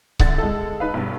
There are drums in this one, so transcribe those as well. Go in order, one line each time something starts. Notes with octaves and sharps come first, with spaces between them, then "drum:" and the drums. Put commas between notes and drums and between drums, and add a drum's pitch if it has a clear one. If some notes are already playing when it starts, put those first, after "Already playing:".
C2 D3 D4 A6, drum: kick C#1
G#3 A4
D#4 B4 F5
B1 G2